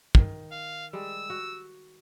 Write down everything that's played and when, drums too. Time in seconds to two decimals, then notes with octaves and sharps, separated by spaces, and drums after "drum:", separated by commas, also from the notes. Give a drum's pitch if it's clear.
0.15 D#3, drum: kick
0.52 F5
0.93 G3 G#3 E6
1.30 F#4